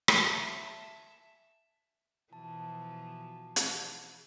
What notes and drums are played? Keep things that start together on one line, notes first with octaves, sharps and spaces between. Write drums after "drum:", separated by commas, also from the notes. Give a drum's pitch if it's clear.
drum: rim click
E5 G#5 A5
B2 E3 F3 A5
drum: hi-hat